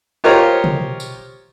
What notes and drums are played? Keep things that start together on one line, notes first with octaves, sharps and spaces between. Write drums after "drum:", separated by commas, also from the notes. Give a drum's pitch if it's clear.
F4 G4 A#4 C5 C#5 D#5
drum: tom
drum: tambourine